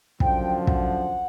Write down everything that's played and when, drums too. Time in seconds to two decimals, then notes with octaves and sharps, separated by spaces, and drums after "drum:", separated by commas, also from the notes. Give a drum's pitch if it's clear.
0.20 F#2 D3 F3 G5, drum: kick
0.67 F#5, drum: kick